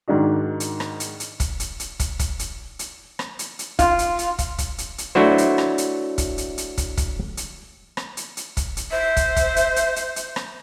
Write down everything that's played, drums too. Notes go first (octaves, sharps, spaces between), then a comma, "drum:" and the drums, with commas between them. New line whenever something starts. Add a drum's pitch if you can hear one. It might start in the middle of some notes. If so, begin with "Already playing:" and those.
G#2 D#3 D4 F#4
drum: hi-hat
drum: rim click
drum: hi-hat
drum: hi-hat
drum: kick, hi-hat
drum: hi-hat
drum: hi-hat
drum: kick, hi-hat
drum: kick, hi-hat
drum: hi-hat
drum: hi-hat
drum: rim click
drum: hi-hat
drum: hi-hat
F4, drum: kick, hi-hat
drum: hi-hat
drum: hi-hat
drum: kick, hi-hat
drum: kick, hi-hat
drum: hi-hat
drum: hi-hat
F#3 A3 D4 E4 F#4 C5
drum: hi-hat
drum: rim click
drum: hi-hat
drum: kick, hi-hat
drum: hi-hat
drum: hi-hat
drum: kick, hi-hat
drum: kick, hi-hat
drum: hi-hat
drum: rim click
drum: hi-hat
drum: hi-hat
drum: kick, hi-hat
drum: hi-hat
C5 E5
drum: kick, hi-hat
drum: kick, hi-hat
drum: hi-hat
drum: hi-hat
drum: hi-hat
drum: hi-hat
drum: rim click